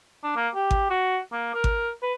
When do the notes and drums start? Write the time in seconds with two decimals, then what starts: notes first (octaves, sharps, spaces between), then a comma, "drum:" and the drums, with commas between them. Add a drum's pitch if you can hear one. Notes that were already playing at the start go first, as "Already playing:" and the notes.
0.24 D4
0.36 A#3
0.55 G4
0.71 drum: kick G#1
0.90 F#4
1.32 A#3
1.54 A#4
1.64 drum: kick G#1
2.02 B4